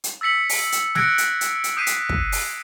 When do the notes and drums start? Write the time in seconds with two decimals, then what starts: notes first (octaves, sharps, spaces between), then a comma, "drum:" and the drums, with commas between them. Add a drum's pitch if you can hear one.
0.04 drum: hi-hat
0.21 E6 A6 B6 C#7 F#7
0.49 drum: open hi-hat
0.72 drum: hi-hat
0.95 E6 F#6 G#6 A#6 C#7 D7, drum: snare
1.18 drum: hi-hat
1.41 drum: hi-hat
1.64 drum: hi-hat
1.77 D#6 G6 B6 C7 D#7
1.87 drum: hi-hat
2.09 drum: kick
2.32 drum: open hi-hat